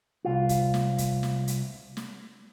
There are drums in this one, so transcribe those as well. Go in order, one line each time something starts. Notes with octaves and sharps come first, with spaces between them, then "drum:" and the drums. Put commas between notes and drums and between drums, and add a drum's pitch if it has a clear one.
C2 F4
drum: kick, hi-hat
drum: snare
drum: kick, hi-hat
drum: snare
drum: hi-hat
drum: snare